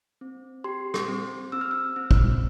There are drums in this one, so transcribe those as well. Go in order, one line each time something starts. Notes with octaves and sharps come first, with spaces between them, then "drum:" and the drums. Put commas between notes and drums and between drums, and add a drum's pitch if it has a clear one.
C4
G4 C6
drum: rim click
C4
C4 E6
F6
E6
C4
drum: kick